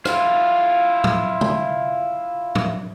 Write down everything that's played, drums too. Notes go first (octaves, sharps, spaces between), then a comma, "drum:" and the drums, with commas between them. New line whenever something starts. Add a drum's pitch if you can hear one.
E4 F4, drum: rim click
drum: tom
drum: tom C3
drum: tom